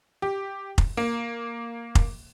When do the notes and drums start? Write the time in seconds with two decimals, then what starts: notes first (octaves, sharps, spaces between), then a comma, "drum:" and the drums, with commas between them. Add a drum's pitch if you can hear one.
0.22 G4
0.78 drum: kick F1
0.97 A#3
1.95 drum: kick F1